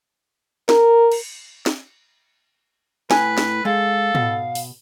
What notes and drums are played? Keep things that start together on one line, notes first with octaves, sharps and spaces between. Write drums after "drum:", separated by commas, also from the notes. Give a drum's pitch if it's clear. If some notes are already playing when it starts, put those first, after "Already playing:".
A#4, drum: snare
drum: cymbal
drum: snare
A2 B4 G#5, drum: snare
drum: snare
G#3 A4 F5
B2, drum: tom
drum: open hi-hat